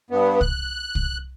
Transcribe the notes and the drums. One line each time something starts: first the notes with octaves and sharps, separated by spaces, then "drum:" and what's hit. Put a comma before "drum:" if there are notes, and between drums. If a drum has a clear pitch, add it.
G2 B3
F#6, drum: kick C2
drum: kick C2